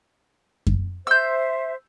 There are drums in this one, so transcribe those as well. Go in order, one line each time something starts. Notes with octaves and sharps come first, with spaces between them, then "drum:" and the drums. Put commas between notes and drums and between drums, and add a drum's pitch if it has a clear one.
drum: kick F#2
C5 E5 E6 G6